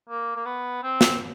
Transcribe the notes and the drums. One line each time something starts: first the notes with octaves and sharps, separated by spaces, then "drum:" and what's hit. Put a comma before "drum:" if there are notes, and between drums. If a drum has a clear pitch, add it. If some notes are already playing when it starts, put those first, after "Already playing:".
A#3
A#3
B3
C4
drum: snare